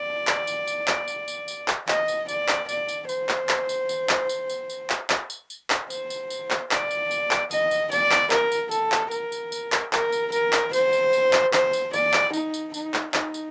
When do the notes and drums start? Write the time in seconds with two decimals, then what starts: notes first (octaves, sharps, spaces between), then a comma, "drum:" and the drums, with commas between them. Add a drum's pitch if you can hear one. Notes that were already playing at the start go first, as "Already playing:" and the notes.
Already playing: D5
0.27 drum: clap
0.47 drum: tambourine
0.67 drum: tambourine
0.88 drum: clap
1.08 drum: tambourine
1.28 drum: tambourine
1.48 drum: tambourine
1.68 drum: clap
1.88 D#5, drum: clap
2.08 drum: tambourine
2.28 D5, drum: tambourine
2.48 drum: clap
2.69 D5, drum: tambourine
2.89 drum: tambourine
3.09 C5, drum: tambourine
3.29 drum: clap
3.49 drum: clap
3.69 drum: tambourine
3.89 drum: tambourine
4.09 drum: clap
4.29 drum: tambourine
4.49 drum: tambourine
4.70 drum: tambourine
4.90 drum: clap
5.10 drum: clap
5.30 drum: tambourine
5.50 drum: tambourine
5.70 drum: clap
5.90 C5, drum: tambourine
6.10 drum: tambourine
6.30 drum: tambourine
6.50 drum: clap
6.71 D5, drum: clap
6.91 drum: tambourine
7.11 drum: tambourine
7.31 drum: clap
7.51 D#5, drum: tambourine
7.71 drum: tambourine
7.92 D5, drum: tambourine
8.11 drum: clap
8.31 A#4, drum: clap
8.52 drum: tambourine
8.71 A4, drum: tambourine
8.92 drum: clap
9.11 A#4, drum: tambourine
9.32 drum: tambourine
9.52 drum: tambourine
9.72 drum: clap
9.93 A#4, drum: clap
10.12 drum: tambourine
10.32 A#4, drum: tambourine
10.53 drum: clap
10.73 C5, drum: tambourine
10.93 drum: tambourine
11.13 drum: tambourine
11.33 drum: clap
11.53 C5, drum: clap
11.73 drum: tambourine
11.93 D5, drum: tambourine
12.13 drum: clap
12.33 D#4, drum: tambourine
12.54 drum: tambourine
12.74 D#4, drum: tambourine
12.94 drum: clap
13.14 D#4, drum: clap
13.34 drum: tambourine